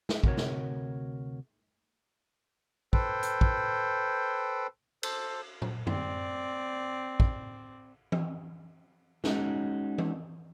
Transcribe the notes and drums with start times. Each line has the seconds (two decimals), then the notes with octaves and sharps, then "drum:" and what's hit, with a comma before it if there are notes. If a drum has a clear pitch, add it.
0.09 drum: snare
0.24 D2 C3 F#4 A#4 C#5, drum: kick
0.37 drum: snare
2.93 A4 B4 C5 G5, drum: kick
3.23 drum: hi-hat
3.41 drum: kick
5.03 A4 C5, drum: cymbal
5.62 drum: tom A#2
5.87 C4 D5, drum: tom
7.20 drum: kick
8.12 drum: tom E3
9.24 G#3 C#4 D#4 F#4, drum: snare
9.98 drum: tom E3